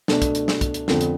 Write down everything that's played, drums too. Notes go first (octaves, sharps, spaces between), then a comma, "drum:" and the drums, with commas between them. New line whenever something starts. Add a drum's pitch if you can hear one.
B2 A3 D4, drum: snare
drum: kick, hi-hat
drum: hi-hat
drum: snare
drum: kick, hi-hat
drum: hi-hat
F2 D3 F3, drum: snare
drum: hi-hat